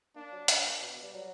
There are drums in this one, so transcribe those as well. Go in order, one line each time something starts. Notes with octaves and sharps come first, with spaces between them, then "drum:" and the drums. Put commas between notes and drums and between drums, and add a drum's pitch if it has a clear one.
A#3 D4
F#3
G2, drum: hi-hat
A#2
B2
G3
F#3